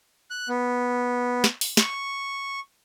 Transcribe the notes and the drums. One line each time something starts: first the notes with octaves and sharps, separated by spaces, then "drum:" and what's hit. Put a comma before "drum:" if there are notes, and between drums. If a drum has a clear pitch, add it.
F#6
B3
drum: snare
drum: open hi-hat
C#6, drum: snare